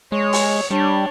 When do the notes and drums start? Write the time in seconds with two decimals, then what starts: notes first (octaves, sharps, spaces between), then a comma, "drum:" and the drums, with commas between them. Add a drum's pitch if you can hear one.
0.12 G#3 C#5
0.33 drum: open hi-hat
0.71 G3 D4 C#5